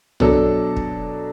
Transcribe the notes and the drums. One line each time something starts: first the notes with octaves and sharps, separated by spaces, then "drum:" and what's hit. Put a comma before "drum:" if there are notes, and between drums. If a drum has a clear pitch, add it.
B2 F#3 D4 A4, drum: tom
drum: kick